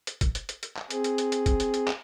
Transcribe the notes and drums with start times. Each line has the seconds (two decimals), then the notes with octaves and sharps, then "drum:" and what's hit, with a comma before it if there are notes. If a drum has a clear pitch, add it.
0.07 drum: hi-hat
0.21 drum: kick A1, hi-hat
0.35 drum: hi-hat
0.49 drum: hi-hat
0.63 drum: hi-hat
0.77 drum: clap
0.90 C4 G#4, drum: hi-hat
1.04 drum: hi-hat
1.18 drum: hi-hat
1.32 drum: hi-hat
1.46 drum: kick A1, hi-hat
1.60 drum: hi-hat
1.74 drum: hi-hat
1.88 drum: clap